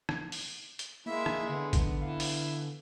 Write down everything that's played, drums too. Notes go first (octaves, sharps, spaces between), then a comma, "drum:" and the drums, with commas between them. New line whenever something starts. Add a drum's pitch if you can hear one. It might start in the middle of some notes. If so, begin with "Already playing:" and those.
drum: rim click
drum: open hi-hat
drum: hi-hat
G#3 A#3 E4 E5
drum: rim click
D3 B3
drum: kick, hi-hat
E3 F5
drum: open hi-hat